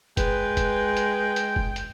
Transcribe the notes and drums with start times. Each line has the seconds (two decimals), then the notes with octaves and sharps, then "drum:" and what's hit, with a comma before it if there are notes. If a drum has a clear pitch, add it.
0.17 G#3 B4 G5, drum: kick, hi-hat
0.57 drum: kick, hi-hat
0.97 drum: hi-hat
1.36 drum: hi-hat
1.56 drum: kick
1.76 drum: hi-hat